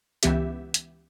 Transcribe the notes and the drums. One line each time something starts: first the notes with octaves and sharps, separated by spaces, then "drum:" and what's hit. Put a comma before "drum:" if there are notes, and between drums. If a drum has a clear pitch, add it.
C#2 E3 B3 G4 E5, drum: hi-hat
drum: hi-hat